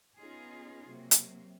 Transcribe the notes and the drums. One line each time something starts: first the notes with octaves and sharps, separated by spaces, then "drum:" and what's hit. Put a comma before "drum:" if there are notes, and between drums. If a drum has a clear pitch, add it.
B3 C#4 D#4 F4 G#4
C3 F#3 A#3
drum: hi-hat